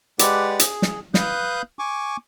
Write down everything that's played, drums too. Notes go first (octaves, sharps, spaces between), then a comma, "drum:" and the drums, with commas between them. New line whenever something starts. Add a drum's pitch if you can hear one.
G#3 G4 B4 D5 F#5, drum: hi-hat
G#4, drum: hi-hat
drum: snare
B4 F5 D#6 F#6 G6, drum: snare
G#5 C#6 D6